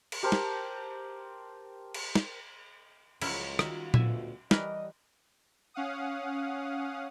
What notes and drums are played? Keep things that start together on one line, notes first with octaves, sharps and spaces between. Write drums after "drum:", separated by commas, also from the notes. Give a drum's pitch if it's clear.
drum: cymbal
G4 A#4 C5 A5
drum: snare
drum: cymbal
drum: snare
C#2 F3 F#3 G#3 C#4 E4, drum: cymbal
D#3 G3 F4 F#4 E5, drum: rim click
D2 B2 E5 G#5, drum: tom A#2
E3 G3 A#4 B4 D#5, drum: snare
C#4 F5 F#5 D#6